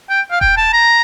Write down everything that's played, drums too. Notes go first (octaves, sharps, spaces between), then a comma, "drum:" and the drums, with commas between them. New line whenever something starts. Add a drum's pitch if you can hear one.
G5
F5
G5, drum: kick D#1
A5
A#5